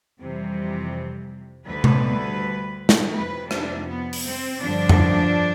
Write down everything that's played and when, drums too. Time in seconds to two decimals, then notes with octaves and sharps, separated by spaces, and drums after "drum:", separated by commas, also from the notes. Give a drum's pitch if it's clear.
0.20 F2 C3 E3 G3
1.66 D2 D3 G3 B4
1.84 drum: tom C3
2.89 drum: snare
3.14 F2 C3 F3 B4
3.51 D4, drum: rim click
3.88 B3
4.13 drum: open hi-hat
4.24 C4
4.61 G2 D3 F3 D4
4.89 drum: tom F2